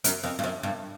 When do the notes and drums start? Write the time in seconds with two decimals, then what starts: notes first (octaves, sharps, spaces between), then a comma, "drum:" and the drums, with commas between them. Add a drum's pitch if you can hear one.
0.04 F#2, drum: hi-hat
0.23 F2
0.39 G2
0.44 F#2
0.63 G2